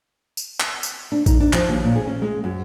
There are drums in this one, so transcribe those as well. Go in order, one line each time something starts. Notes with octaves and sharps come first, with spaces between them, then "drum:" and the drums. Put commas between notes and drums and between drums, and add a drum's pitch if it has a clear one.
drum: tambourine
drum: clap
drum: tambourine
D4
D#4, drum: kick A#1, tambourine
D4
F3, drum: clap
D#2
A#2
G#4
C#4
G#3
F#2